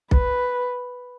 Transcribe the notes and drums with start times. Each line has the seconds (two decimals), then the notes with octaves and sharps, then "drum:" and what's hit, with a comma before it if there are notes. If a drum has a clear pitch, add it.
0.11 B4, drum: kick B1